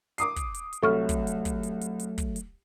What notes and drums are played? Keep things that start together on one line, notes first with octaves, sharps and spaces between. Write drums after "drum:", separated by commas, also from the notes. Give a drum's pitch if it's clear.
D6 D#6 C7, drum: hi-hat
drum: kick, hi-hat
drum: hi-hat
drum: hi-hat
C2 F#3 A3 A4 C#6 F6
drum: kick, hi-hat
drum: hi-hat
drum: kick, hi-hat
drum: hi-hat
drum: hi-hat
drum: hi-hat
drum: kick, hi-hat
drum: hi-hat